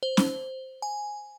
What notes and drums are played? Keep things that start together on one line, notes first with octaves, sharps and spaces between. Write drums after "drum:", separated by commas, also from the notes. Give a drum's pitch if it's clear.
C5
drum: snare C#4
G#5